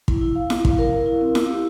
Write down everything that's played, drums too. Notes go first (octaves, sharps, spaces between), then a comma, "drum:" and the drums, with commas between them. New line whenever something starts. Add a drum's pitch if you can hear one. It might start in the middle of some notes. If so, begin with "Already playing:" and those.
E4, drum: kick
E4
F5
E4, drum: snare
F5, drum: kick
A#4
E4
E4
C4
E4, drum: snare
G4